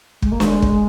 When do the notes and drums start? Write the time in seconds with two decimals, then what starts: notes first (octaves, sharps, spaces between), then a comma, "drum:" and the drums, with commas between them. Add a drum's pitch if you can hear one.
0.22 G#3, drum: kick
0.32 A#3
0.40 G#3, drum: snare
0.62 drum: kick